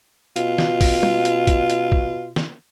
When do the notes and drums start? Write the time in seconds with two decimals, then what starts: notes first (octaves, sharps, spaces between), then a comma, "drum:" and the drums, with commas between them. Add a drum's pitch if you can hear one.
0.36 B2 F4, drum: hi-hat
0.58 drum: snare
0.81 drum: kick A#1, open hi-hat
1.03 drum: tom
1.25 drum: hi-hat
1.47 drum: kick A#1, hi-hat
1.70 drum: hi-hat
1.92 drum: kick A#1
2.36 drum: snare